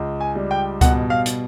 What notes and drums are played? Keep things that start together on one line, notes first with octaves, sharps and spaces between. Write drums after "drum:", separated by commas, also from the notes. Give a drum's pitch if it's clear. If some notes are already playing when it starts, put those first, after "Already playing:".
Already playing: C#2
G#5
G3
G5
B2 F#5, drum: kick C#2, hi-hat
F5
drum: hi-hat